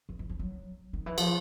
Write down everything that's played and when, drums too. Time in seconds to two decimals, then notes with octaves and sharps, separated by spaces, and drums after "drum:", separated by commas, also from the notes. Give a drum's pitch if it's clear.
0.09 E3
0.19 E3
0.29 F3
0.39 F#3
0.93 D#3
1.06 E3
1.18 F3, drum: cymbal